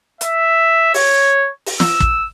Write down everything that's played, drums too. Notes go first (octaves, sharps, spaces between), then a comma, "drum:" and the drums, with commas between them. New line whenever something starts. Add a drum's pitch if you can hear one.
E5, drum: hi-hat
C#5, drum: open hi-hat
drum: open hi-hat
E6, drum: snare
drum: kick